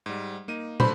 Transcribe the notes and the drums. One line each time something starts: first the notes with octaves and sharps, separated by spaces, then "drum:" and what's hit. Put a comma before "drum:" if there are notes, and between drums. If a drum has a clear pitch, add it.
G#2 G3
A#3 D#4 D#7
D3 A3 C5 B5, drum: tom